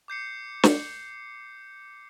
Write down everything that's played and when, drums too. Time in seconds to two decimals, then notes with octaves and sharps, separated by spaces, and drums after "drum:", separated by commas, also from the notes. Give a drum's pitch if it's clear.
0.08 D6 G6 C7 C#7
0.63 drum: snare